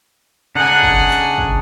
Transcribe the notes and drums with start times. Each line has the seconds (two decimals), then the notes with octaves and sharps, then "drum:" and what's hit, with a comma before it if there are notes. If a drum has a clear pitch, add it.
0.55 C#3 D4 D#4 F#5 G#5
0.83 drum: kick
1.10 drum: clap
1.38 drum: kick